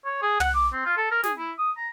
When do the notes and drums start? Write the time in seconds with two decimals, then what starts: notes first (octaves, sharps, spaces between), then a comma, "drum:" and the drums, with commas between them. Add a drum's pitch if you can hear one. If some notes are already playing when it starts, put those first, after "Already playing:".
0.05 C#5
0.22 G#4
0.40 F#5, drum: tom
0.55 D6
0.73 C4
0.85 F4
0.97 A4
1.11 A#4
1.23 G#4, drum: snare
1.38 E4
1.58 D#6
1.77 A#5